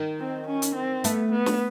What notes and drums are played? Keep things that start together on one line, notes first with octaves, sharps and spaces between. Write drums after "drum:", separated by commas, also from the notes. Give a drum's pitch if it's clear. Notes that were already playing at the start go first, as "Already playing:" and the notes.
Already playing: D#3
C4
C#4
drum: hi-hat
C4
A3 B3, drum: hi-hat
B3
drum: snare